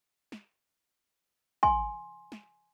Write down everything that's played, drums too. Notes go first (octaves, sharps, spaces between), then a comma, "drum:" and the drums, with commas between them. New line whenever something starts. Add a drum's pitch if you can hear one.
drum: snare
G#5 C6, drum: kick
drum: snare